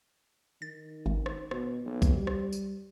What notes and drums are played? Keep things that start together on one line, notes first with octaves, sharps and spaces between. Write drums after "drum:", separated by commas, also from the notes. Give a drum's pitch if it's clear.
D#3 A6
G#1
drum: rim click
B2, drum: rim click
B1
drum: kick B1, tambourine
G3
drum: rim click
drum: tambourine